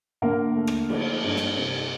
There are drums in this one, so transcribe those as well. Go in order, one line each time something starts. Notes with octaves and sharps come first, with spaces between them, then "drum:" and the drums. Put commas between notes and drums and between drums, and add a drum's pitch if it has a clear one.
D3 A#3 A#4
A3
drum: rim click
F3, drum: cymbal
G2
drum: snare
C3